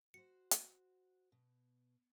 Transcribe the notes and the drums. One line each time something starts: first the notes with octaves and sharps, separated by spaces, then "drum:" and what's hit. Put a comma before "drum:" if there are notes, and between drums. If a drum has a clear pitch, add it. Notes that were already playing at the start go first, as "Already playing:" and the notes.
F#4 C5 C#7
drum: hi-hat
B2